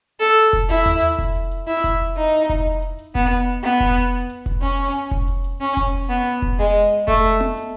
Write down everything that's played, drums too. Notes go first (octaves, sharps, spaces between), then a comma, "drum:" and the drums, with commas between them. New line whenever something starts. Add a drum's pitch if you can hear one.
A4, drum: hi-hat
drum: hi-hat
drum: kick F1, hi-hat
E4, drum: hi-hat
drum: tom D#2
drum: hi-hat
drum: kick F1, hi-hat
drum: hi-hat
drum: hi-hat
E4, drum: hi-hat
drum: kick F1, hi-hat
D#4
drum: hi-hat
drum: kick F1, hi-hat
drum: hi-hat
drum: hi-hat
drum: hi-hat
B3, drum: kick F1, hi-hat
drum: hi-hat
B3, drum: hi-hat
drum: kick F1, hi-hat
drum: hi-hat
drum: hi-hat
drum: hi-hat
drum: kick F1, hi-hat
C#4, drum: hi-hat
drum: hi-hat
drum: kick F1, hi-hat
drum: hi-hat
drum: hi-hat
C#4, drum: hi-hat
drum: kick F1, hi-hat
drum: hi-hat
B3
drum: hi-hat
drum: kick F1
G#3, drum: hi-hat
drum: hi-hat
drum: hi-hat
A3, drum: kick F1, hi-hat
drum: hi-hat
drum: tom B3
drum: hi-hat